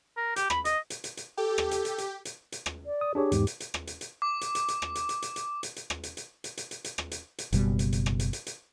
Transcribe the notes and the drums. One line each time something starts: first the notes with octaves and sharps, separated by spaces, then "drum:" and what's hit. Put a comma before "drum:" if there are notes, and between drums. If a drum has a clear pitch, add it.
A#4
G4, drum: hi-hat
B5, drum: rim click
D#5, drum: hi-hat
drum: hi-hat
drum: hi-hat
drum: hi-hat
G4 A4
drum: rim click
drum: hi-hat
drum: hi-hat
drum: hi-hat
drum: hi-hat
drum: hi-hat
drum: rim click
D5
D#6
D4 G4 G#4 C#5
E2 G#2, drum: hi-hat
drum: hi-hat
drum: hi-hat
drum: rim click
drum: hi-hat
drum: hi-hat
D6
drum: hi-hat
drum: hi-hat
drum: hi-hat
drum: rim click
drum: hi-hat
drum: hi-hat
drum: hi-hat
drum: hi-hat
drum: hi-hat
drum: hi-hat
drum: rim click
drum: hi-hat
drum: hi-hat
drum: hi-hat
drum: hi-hat
drum: hi-hat
drum: hi-hat
drum: rim click
drum: hi-hat
drum: hi-hat
F#1 B2 G3, drum: hi-hat
drum: hi-hat
drum: hi-hat
drum: rim click
drum: hi-hat
drum: hi-hat
drum: hi-hat